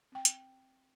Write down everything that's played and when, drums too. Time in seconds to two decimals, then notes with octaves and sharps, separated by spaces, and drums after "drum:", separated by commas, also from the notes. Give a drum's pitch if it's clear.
0.12 C4 G5
0.25 drum: hi-hat